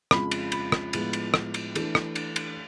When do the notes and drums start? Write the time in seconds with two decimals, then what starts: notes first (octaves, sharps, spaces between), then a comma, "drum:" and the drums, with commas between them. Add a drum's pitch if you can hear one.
0.11 F2 C#3 F3 G#3 B5, drum: rim click
0.31 drum: cymbal
0.52 B5, drum: cymbal
0.72 drum: rim click
0.93 A2 F3 G#3 B3, drum: cymbal
1.13 drum: cymbal
1.34 drum: rim click
1.54 drum: cymbal
1.75 E3 A3 D4, drum: cymbal
1.95 drum: rim click
2.15 drum: cymbal
2.36 drum: cymbal